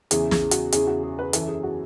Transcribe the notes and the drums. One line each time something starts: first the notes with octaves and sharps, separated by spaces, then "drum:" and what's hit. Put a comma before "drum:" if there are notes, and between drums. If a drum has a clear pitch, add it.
E2 C#3 E3 G#4, drum: hi-hat
G#4, drum: snare
F#4, drum: hi-hat
E2 C#3 E3 G#4, drum: hi-hat
F#4
G#4
B4
F#2 E3 A4, drum: hi-hat
G#4
F#4